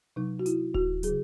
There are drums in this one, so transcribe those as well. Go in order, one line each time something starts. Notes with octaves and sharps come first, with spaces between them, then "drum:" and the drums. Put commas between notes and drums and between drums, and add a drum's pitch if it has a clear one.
C3 F#3 D#4
F#4
E4, drum: hi-hat
F#4, drum: kick D1
C#3 F#3 G#4, drum: hi-hat